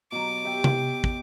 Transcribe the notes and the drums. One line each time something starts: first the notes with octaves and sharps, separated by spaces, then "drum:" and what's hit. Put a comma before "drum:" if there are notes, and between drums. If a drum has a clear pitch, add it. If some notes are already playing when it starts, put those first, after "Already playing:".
B2 F#3 D6
G4 E5 G5
drum: tom C3
drum: kick